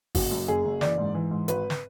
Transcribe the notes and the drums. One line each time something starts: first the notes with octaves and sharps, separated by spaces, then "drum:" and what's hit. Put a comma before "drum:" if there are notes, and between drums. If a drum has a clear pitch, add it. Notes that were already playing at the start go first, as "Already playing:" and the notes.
F#1 F#4, drum: kick, open hi-hat
F#2
F#1 G#4
F#1
E3 D5, drum: snare
G#2
E3
G#2
G#1 B4, drum: hi-hat
drum: snare